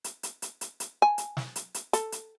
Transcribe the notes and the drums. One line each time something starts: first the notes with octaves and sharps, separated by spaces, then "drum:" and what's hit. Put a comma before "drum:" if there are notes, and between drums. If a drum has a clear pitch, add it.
drum: hi-hat
drum: hi-hat
drum: hi-hat
drum: hi-hat
drum: hi-hat
G#5
drum: hi-hat
drum: snare
drum: hi-hat
drum: hi-hat
A4, drum: hi-hat
drum: hi-hat